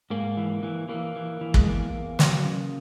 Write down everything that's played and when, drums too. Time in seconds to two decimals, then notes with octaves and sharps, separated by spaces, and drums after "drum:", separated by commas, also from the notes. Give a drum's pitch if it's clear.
0.10 G#2 A#3
0.37 E3
0.63 E3
0.89 E3 A#3
1.15 E3
1.41 E3
1.54 G#3, drum: kick
1.66 E2 A#3
1.93 E2
2.19 F#3, drum: snare
2.45 C#3